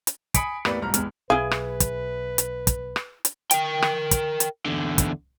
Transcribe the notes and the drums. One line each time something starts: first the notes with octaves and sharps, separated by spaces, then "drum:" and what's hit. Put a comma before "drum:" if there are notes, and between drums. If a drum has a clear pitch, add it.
drum: hi-hat
G#5 B5 D#6 B6 C#7 D7, drum: kick, hi-hat
E2 A2 A#3 G4 B4 D5, drum: rim click
C2 F2 G#2 A#5 F6
G#1 E2 G#3 F6, drum: hi-hat
B1 E4 G#4 B4 F5
drum: rim click
drum: kick, hi-hat
drum: hi-hat
drum: kick, hi-hat
drum: rim click
drum: hi-hat
A#4 G5, drum: hi-hat
drum: rim click
drum: kick, hi-hat
drum: hi-hat
E2 D3
drum: kick, hi-hat